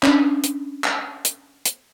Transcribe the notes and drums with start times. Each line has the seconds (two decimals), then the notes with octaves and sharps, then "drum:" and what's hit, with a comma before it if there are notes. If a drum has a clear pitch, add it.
0.03 C#4 D4, drum: clap
0.44 drum: hi-hat
0.84 drum: clap
1.25 drum: hi-hat
1.65 drum: hi-hat